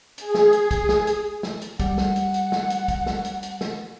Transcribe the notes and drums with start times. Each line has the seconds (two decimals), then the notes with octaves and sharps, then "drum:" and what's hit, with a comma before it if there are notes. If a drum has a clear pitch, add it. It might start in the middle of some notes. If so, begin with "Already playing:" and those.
0.18 G#4, drum: hi-hat
0.35 drum: snare
0.53 drum: hi-hat
0.71 drum: kick, hi-hat
0.89 drum: snare
1.07 drum: hi-hat
1.43 drum: snare
1.61 drum: hi-hat
1.80 G3 F#5, drum: kick, hi-hat
1.98 drum: snare
2.16 drum: hi-hat
2.34 drum: hi-hat
2.52 drum: snare
2.70 drum: hi-hat
2.88 drum: kick, hi-hat
3.06 drum: snare
3.25 drum: hi-hat
3.43 drum: hi-hat
3.61 drum: snare